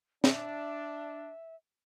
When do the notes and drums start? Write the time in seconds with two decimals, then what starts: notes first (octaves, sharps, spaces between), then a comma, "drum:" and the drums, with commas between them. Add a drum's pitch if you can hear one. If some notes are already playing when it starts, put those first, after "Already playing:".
0.24 D4 E5, drum: snare